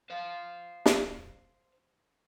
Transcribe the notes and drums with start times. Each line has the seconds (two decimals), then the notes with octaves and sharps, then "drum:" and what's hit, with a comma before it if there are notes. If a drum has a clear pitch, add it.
0.10 C5 F5
0.86 drum: snare